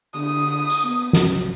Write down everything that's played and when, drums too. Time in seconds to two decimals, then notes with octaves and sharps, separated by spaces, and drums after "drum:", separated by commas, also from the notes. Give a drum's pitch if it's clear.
0.14 D3 D#6, drum: cymbal
0.70 drum: tambourine
0.84 B3
1.13 F#3, drum: snare